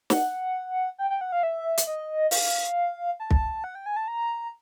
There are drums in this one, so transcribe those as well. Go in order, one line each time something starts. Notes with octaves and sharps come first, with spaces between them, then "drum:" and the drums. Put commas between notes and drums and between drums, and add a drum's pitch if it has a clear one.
F#5, drum: snare
G5
G5
F#5
F5
E5
drum: hi-hat
D#5
F5, drum: open hi-hat
A5
drum: kick
F#5
G5
G#5
A5
A#5